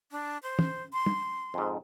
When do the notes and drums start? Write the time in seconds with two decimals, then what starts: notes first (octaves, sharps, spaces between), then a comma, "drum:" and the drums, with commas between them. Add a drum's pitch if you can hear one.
0.11 D4
0.43 C5
0.59 drum: tom
0.93 C6
1.06 drum: tom
1.54 F2 G#2